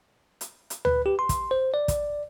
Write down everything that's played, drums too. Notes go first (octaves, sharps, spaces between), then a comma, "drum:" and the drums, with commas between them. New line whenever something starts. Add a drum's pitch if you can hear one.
drum: hi-hat
drum: hi-hat
B4, drum: tom D2
G4
C6
drum: kick, hi-hat
C5
D5
drum: kick, hi-hat